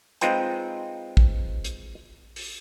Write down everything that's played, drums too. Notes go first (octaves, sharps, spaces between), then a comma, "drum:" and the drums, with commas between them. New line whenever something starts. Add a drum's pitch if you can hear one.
G#3 C4 D#4 F4 B4 G5, drum: hi-hat
drum: kick
drum: hi-hat
drum: open hi-hat